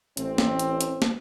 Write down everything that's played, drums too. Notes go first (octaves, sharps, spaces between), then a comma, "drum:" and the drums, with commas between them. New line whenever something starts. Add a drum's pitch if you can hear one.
A1 C4, drum: hi-hat
drum: snare
drum: hi-hat
drum: hi-hat
drum: snare